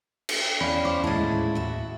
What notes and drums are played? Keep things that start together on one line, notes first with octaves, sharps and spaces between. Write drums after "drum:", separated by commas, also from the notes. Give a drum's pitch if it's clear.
drum: cymbal
G5
E2 C#4 D5 F5 B5
C5 C#6 D6
D#2 A2 G#3 E4 A5 G#6 A6
F#4 E5